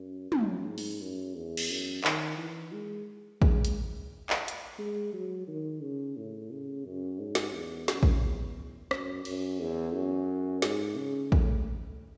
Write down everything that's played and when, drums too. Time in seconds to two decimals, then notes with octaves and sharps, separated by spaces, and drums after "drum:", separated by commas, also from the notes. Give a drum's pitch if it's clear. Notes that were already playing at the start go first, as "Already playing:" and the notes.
Already playing: F#2
0.32 F#2, drum: tom
0.67 G#2
0.78 drum: open hi-hat
1.01 F#2
1.35 E2
1.57 drum: cymbal
1.70 F#2
2.04 D#3, drum: clap
2.38 E3
2.72 G#3
3.42 G#3, drum: kick
3.65 drum: hi-hat
4.30 drum: clap
4.48 drum: hi-hat
4.78 G#3
5.13 F#3
5.48 D#3
5.82 C#3
6.17 A2
6.51 C#3
6.85 F#2
7.19 G#2
7.35 drum: snare
7.54 E2
7.88 F#2, drum: snare
8.03 drum: kick
8.22 E2
8.91 F#2, drum: rim click
9.25 F#2, drum: cymbal
9.60 E2
9.94 F#2
10.62 G#2, drum: snare
10.97 C#3
11.32 A3, drum: kick